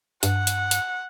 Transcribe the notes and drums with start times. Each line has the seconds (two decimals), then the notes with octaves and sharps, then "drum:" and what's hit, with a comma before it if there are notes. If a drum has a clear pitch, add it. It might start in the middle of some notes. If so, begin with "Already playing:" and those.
0.23 G2 F#5, drum: hi-hat
0.47 drum: hi-hat
0.71 drum: hi-hat